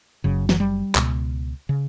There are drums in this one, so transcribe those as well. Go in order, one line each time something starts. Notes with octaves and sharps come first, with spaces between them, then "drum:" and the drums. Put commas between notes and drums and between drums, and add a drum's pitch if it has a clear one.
F#1 F#2 C#3
F#3, drum: snare
G3
C#2 B2, drum: clap
C#3